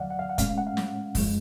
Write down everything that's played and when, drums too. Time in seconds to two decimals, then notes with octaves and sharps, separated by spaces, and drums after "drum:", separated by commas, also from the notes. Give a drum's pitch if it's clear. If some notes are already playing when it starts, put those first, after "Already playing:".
Already playing: D2 D3 F#3 D5 F5 F#5
0.10 F#5
0.19 F5
0.29 F#5
0.38 A2 G#3 C#4 F5, drum: kick, hi-hat
0.58 F#5
0.67 F5
0.77 drum: snare
1.15 F#2 F3 G#3, drum: kick, open hi-hat